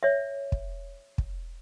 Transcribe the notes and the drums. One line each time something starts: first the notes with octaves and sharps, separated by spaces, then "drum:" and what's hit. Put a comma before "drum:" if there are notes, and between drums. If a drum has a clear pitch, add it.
C#5 E5
drum: kick
drum: kick